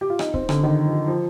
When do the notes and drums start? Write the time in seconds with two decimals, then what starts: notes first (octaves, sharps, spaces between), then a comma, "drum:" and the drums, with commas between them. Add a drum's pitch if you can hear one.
0.01 G4
0.10 F4
0.19 D#4, drum: rim click
0.34 C4, drum: kick C#1
0.49 D3, drum: rim click
0.64 D#3
0.85 F3
1.08 F3